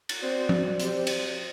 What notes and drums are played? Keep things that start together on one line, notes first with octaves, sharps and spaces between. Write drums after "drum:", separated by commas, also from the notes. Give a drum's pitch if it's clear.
drum: cymbal
C4 F#4 C5 D5
drum: tom
C4 G4 C5, drum: hi-hat
drum: cymbal